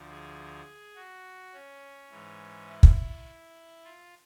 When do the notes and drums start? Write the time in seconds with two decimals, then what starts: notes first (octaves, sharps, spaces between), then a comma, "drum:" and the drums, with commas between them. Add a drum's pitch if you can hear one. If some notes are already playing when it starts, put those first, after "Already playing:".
Already playing: D2 D3 F3
0.10 G#4
0.96 F#4
1.54 C#4
2.11 G#2 E3
2.69 E4
2.83 drum: kick
3.84 F4